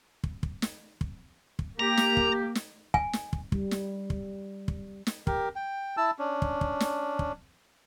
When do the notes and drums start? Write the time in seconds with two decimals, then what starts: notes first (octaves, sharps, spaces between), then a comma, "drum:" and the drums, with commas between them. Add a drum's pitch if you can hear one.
0.24 drum: kick
0.43 drum: kick
0.62 drum: snare
1.01 drum: kick
1.59 drum: kick
1.80 A#3 G4 A#5
1.97 drum: snare
2.17 drum: kick
2.55 drum: snare
2.94 G#5, drum: kick
3.13 drum: snare
3.33 drum: kick
3.52 G3, drum: kick
3.71 drum: snare
4.10 drum: kick
4.68 drum: kick
5.07 drum: snare
5.27 G4 A#4, drum: kick
5.56 G5
5.97 E4 A5 E6
6.19 C#4 D4
6.42 drum: kick
6.61 drum: kick
6.80 drum: snare
7.19 drum: kick